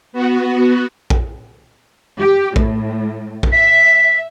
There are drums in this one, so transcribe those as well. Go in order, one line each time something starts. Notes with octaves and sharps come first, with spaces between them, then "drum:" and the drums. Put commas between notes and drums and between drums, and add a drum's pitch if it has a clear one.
B3 F#4
drum: kick A#1
G4
A2, drum: kick A#1
drum: kick A#1
E5 B6